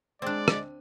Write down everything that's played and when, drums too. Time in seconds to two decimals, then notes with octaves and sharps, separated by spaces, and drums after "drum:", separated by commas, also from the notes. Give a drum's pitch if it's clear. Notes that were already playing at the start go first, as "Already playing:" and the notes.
0.22 G#3 C4 D4 D5
0.48 drum: rim click